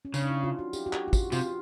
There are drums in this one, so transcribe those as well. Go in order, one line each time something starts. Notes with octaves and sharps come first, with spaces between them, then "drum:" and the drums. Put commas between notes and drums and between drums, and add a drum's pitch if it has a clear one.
C#4
C#3 D4, drum: tambourine
D#4
E4
F4
F#4
G4, drum: tambourine
F#4
G4, drum: clap
F4
F#4, drum: kick, tambourine
C3 F4, drum: tambourine